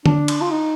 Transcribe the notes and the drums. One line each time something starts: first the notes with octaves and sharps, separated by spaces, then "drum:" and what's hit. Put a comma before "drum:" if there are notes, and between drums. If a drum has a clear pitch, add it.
D4, drum: tom D3
drum: cymbal
F4
D#4